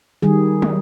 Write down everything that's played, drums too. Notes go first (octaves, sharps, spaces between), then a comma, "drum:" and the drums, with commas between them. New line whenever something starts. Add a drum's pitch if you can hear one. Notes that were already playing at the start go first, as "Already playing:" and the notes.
D#3 G3 G#4
drum: tom